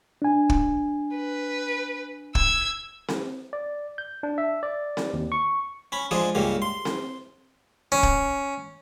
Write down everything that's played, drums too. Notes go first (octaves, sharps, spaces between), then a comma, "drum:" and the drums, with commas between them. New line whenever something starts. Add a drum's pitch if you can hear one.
D4 G#5
drum: kick
B4
E6 G#6, drum: kick
drum: snare C4
D5
G6
D4
E5
D5
drum: snare C4
D#2
C#6
C#4 B5
F3 G#3 D4 G#4
C#2 G2 C#3 A#3
C6
drum: snare C4
C#4
drum: kick